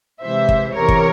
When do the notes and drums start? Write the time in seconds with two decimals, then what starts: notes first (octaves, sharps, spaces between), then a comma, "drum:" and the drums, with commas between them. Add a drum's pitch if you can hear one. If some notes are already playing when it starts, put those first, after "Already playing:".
0.22 C3 E3 G#3 C5 E5
0.49 drum: kick
0.75 E2 C3 E3 A#4 C#5
0.89 drum: kick